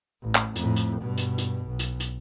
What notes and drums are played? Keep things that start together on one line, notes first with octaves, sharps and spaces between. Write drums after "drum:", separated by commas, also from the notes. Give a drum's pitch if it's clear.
A1
drum: clap
F2 A2, drum: hi-hat
drum: hi-hat
G2 B2
drum: hi-hat
drum: hi-hat
B1
drum: hi-hat
drum: hi-hat